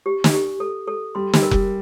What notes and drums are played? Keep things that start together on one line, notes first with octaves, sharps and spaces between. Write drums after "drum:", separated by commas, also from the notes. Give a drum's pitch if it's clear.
G4
drum: snare
G4
A4
A4
G3 C6
G3, drum: snare
A#4
G3, drum: kick F1